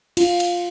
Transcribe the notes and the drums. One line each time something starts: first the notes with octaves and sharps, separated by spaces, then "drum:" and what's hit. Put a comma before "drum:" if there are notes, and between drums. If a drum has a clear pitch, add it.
F4, drum: cymbal
drum: cymbal